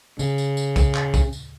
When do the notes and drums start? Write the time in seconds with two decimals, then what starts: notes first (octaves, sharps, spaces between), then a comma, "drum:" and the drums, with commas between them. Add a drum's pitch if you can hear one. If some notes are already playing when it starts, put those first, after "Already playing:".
0.19 C#3, drum: tambourine
0.38 drum: tambourine
0.57 drum: tambourine
0.76 drum: kick, tambourine
0.95 drum: clap
1.14 drum: kick, tambourine
1.33 drum: tambourine